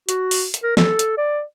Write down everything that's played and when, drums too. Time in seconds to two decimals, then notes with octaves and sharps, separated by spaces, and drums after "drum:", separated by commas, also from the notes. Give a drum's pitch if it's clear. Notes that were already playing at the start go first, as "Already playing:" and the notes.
0.09 F#4, drum: hi-hat
0.31 drum: open hi-hat
0.54 drum: hi-hat
0.63 A#4
0.77 A4, drum: snare
0.99 drum: hi-hat
1.17 D5